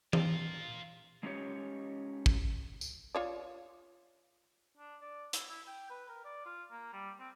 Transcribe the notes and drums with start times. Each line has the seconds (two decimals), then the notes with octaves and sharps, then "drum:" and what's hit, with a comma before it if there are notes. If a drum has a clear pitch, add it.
0.13 F4 A#4, drum: tom E3
1.23 G#3 C#4 D#4 F4 G4 C#5
2.26 drum: kick
2.81 drum: tambourine
3.15 F4 C#5 D5
4.77 D4
5.01 D5
5.33 E4, drum: hi-hat
5.49 E4
5.67 G5
5.90 B4
6.09 A#4
6.25 D5
6.46 F4
6.71 A#3
6.93 G3
7.19 C4